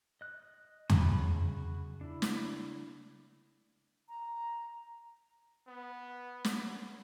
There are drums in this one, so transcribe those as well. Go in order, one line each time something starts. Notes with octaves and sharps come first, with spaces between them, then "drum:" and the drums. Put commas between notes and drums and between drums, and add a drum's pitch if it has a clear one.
D#5 F#6
C#3 F#4 B5, drum: tom E2
D4 E4
drum: snare
A#5
B3
drum: snare